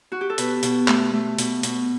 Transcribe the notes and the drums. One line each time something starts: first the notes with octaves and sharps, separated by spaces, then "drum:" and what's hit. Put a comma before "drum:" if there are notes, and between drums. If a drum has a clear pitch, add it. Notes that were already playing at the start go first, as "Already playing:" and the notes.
F#4
G4
A4
B2 B4, drum: hi-hat
B2, drum: hi-hat
A3, drum: clap
A3
B2, drum: hi-hat
B2, drum: hi-hat